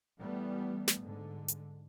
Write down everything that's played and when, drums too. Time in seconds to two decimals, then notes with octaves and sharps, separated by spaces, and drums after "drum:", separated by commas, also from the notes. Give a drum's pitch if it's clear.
0.18 E3 G3 A3 B3
0.88 drum: snare
0.99 G#2 D3
1.48 drum: hi-hat